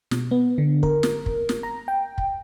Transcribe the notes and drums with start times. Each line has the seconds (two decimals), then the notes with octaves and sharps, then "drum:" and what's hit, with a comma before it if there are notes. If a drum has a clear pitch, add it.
0.11 B2, drum: snare
0.31 B3
0.58 D3
0.83 A#4, drum: kick
1.03 drum: snare
1.26 drum: kick
1.49 drum: snare
1.63 A#5
1.88 G5
2.18 drum: kick